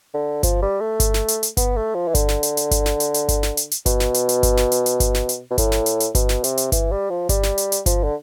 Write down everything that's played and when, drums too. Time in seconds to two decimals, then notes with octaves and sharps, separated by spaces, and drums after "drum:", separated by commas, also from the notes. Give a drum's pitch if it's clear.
0.14 D3
0.43 F3, drum: kick G1, hi-hat
0.62 G3
0.81 A3
1.00 drum: kick G1, hi-hat
1.14 drum: snare
1.28 drum: hi-hat
1.43 drum: hi-hat
1.57 B3, drum: kick G1, hi-hat
1.77 A3
1.94 F3
2.08 E3
2.15 D3, drum: kick G1, hi-hat
2.28 drum: snare
2.43 drum: hi-hat
2.57 drum: hi-hat
2.71 drum: kick G1, hi-hat
2.86 drum: snare
3.00 drum: hi-hat
3.14 drum: hi-hat
3.29 drum: kick G1, hi-hat
3.43 drum: snare
3.57 drum: hi-hat
3.71 drum: hi-hat
3.86 B2, drum: kick G1, hi-hat
4.00 drum: snare
4.14 drum: hi-hat
4.29 drum: hi-hat
4.43 drum: kick G1, hi-hat
4.57 drum: snare
4.72 drum: hi-hat
4.86 drum: hi-hat
5.00 drum: kick G1, hi-hat
5.14 drum: snare
5.29 drum: hi-hat
5.51 B2
5.58 A2, drum: kick G1, hi-hat
5.72 drum: snare
5.86 drum: hi-hat
6.00 drum: hi-hat
6.15 B2, drum: kick G1, hi-hat
6.29 drum: snare
6.44 C3, drum: hi-hat
6.57 drum: hi-hat
6.72 E3, drum: kick G1, hi-hat
6.91 G3
7.10 F3
7.29 G3, drum: kick G1, hi-hat
7.43 drum: snare
7.58 drum: hi-hat
7.72 drum: hi-hat
7.86 F3, drum: kick G1, hi-hat
8.04 D3